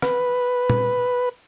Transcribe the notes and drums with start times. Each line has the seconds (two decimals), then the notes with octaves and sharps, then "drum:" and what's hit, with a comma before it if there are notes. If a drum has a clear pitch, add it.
0.02 B4, drum: rim click
0.70 drum: tom A#2